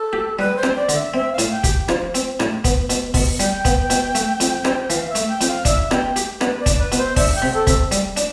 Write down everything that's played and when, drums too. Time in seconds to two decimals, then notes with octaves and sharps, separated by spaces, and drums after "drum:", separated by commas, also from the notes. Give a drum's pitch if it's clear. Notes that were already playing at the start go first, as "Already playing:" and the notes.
Already playing: A4
0.13 G4
0.38 G3 B4
0.56 C5
0.63 C4, drum: rim click
0.76 D5
0.89 D3, drum: hi-hat
0.94 E5
1.14 C4 E5
1.33 F5
1.38 A2, drum: hi-hat
1.51 G5
1.64 G4, drum: kick, hi-hat
1.88 F3, drum: rim click
2.15 C4, drum: hi-hat
2.40 A2, drum: rim click
2.64 B3, drum: kick, hi-hat
2.90 B2, drum: hi-hat
3.14 B2, drum: kick, open hi-hat
3.39 G3 G5, drum: hi-hat
3.65 B3, drum: kick, hi-hat
3.90 B2, drum: hi-hat
4.15 A3, drum: hi-hat
4.40 F2, drum: hi-hat
4.65 C4, drum: rim click
4.90 E3 F5, drum: hi-hat
5.09 E5
5.15 A3, drum: hi-hat
5.28 G5
5.41 F2, drum: hi-hat
5.47 F5
5.65 D4 E5, drum: kick, hi-hat
5.91 B2 G5, drum: rim click
6.16 G4, drum: hi-hat
6.41 B3 B4, drum: rim click
6.60 D5
6.66 D4, drum: kick, hi-hat
6.79 B4
6.92 B2, drum: hi-hat
6.97 C5
7.16 D4 E5, drum: kick, open hi-hat
7.35 G5
7.42 C3
7.54 A4
7.67 C3, drum: kick, hi-hat
7.91 G3, drum: hi-hat
8.17 D4, drum: hi-hat